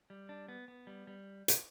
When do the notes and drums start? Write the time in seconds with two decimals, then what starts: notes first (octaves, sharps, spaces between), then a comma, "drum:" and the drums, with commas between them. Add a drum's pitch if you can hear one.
0.10 G3
0.29 D4
0.49 B3
0.68 B3
0.87 G3
1.07 G3
1.48 drum: hi-hat